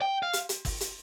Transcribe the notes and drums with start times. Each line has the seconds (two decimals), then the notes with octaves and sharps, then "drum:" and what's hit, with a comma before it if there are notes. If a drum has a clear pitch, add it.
0.02 G5
0.23 F5
0.33 drum: hi-hat
0.49 drum: hi-hat
0.65 drum: kick, open hi-hat
0.80 drum: hi-hat